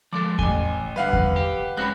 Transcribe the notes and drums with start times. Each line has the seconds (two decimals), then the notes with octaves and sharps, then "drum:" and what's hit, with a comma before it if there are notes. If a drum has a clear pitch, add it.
0.13 F3 G#3 A4 D6
0.39 A1 G#5 G7, drum: kick E2
0.96 G2 D3 B4 F5 F#5
1.13 drum: kick E2
1.36 G4
1.77 G#3 C4 C#4 B5 F#6